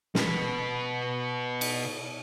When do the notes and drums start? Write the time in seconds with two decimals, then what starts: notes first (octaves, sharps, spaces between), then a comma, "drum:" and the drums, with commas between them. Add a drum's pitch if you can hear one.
0.15 B2 B4, drum: snare
1.61 drum: cymbal